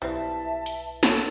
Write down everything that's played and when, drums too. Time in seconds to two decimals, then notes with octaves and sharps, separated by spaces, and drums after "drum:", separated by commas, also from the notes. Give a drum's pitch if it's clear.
0.02 B1 G3 C4 E4 F4 B4 E5 A5
0.66 drum: hi-hat
1.03 A3 A4 C#5 A5, drum: snare